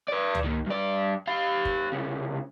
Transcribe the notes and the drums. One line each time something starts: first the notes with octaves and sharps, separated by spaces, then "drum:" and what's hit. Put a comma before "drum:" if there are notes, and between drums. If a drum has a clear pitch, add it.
B4 D5
drum: tom C#2
D#2 D#3
G2 D5
G4 F5
drum: kick
C2 C#3